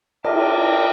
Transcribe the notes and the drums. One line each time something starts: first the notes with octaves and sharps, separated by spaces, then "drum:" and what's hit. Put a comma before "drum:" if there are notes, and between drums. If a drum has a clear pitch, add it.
E5 G5 A5 D6 F6 A#6, drum: cymbal